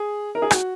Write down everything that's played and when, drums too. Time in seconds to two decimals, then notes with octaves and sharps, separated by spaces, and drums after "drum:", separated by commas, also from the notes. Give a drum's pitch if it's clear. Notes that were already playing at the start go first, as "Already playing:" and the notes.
Already playing: G#4
0.35 A#4
0.42 G#4
0.51 F#4, drum: rim click